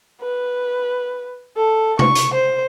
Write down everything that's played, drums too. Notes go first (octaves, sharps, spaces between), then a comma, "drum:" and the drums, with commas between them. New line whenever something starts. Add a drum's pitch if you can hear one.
B4
A4
C#6, drum: tom
drum: hi-hat
C5